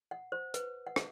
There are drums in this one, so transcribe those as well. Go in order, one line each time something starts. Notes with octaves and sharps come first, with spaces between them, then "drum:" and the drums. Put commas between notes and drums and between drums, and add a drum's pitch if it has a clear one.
F#5
C5
B4, drum: hi-hat
F#5
drum: rim click